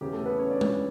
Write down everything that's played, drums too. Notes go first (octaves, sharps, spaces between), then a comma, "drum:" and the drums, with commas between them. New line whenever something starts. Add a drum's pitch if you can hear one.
E2 C#3 E3 G4
A3 A4
B3 B4
C#4 C#5
D4 D5
drum: tom G#3